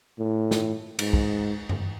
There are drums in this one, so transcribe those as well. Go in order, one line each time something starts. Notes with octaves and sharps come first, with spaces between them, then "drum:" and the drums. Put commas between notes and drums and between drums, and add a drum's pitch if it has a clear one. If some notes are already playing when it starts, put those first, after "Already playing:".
A2
drum: snare
G#2, drum: cymbal
drum: kick
drum: tom F#2